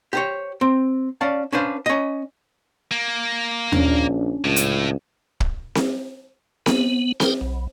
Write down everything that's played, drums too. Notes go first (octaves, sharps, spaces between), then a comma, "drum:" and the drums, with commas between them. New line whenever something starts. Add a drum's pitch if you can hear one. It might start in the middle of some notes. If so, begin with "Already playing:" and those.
G4 C5 C#5
C4
C#4 D5 F5 A5
C#4 D4 B4 C5 F5
C#4 D#5
A#3
A#1 C#4 D4, drum: tom D#2
C#2 A2
drum: hi-hat
drum: kick
drum: snare C4
B3, drum: snare C4
G#4 A#4 C5 G5, drum: snare C4
B1